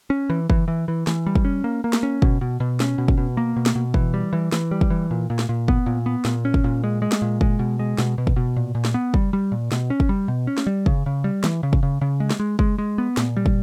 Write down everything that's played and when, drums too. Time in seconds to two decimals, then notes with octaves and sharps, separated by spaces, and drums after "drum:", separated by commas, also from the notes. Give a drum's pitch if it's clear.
0.10 C#4
0.30 E3
0.50 E3, drum: kick
0.68 E3
0.88 E3
1.07 E3, drum: snare
1.26 G3
1.35 drum: kick
1.45 C#4
1.64 A#3
1.84 A#3
1.93 drum: snare
2.03 C#4
2.22 B2, drum: kick
2.41 B2
2.60 B2
2.80 C#4, drum: snare
2.98 B2
3.08 drum: kick
3.17 B2
3.37 A#3
3.56 B2
3.66 drum: snare
3.75 B2
3.94 E3, drum: kick
4.14 G3
4.33 E3
4.52 E3, drum: snare
4.71 G3
4.81 drum: kick
4.90 E3
5.11 A#2
5.30 A#2
5.39 drum: snare
5.49 A#2
5.68 B3, drum: kick
5.86 A#2
6.06 B3
6.25 A#2, drum: snare
6.45 C#4
6.54 drum: kick
6.64 A#2
6.84 G#3
7.02 G#3
7.12 drum: snare
7.22 A#2
7.41 G#3, drum: kick
7.59 B2
7.79 G#3
7.98 B2, drum: snare
8.18 B2
8.27 drum: kick
8.36 B2
8.56 A#2
8.75 A#2
8.85 drum: snare
8.94 B3
9.14 G3, drum: kick
9.33 G3
9.52 A#2
9.72 B2, drum: snare
9.90 C#4
10.00 drum: kick
10.09 G3
10.28 B2
10.47 C#4
10.58 drum: snare
10.67 G3
10.86 C#3, drum: kick
11.06 C#3
11.24 G3
11.44 E3, drum: snare
11.63 C#3
11.73 drum: kick
11.83 C#3
12.01 C#3
12.20 G#3
12.30 drum: snare
12.40 G#3
12.59 G#3, drum: kick
12.78 G#3
12.98 B3
13.17 A#2, drum: snare
13.37 G3
13.46 drum: kick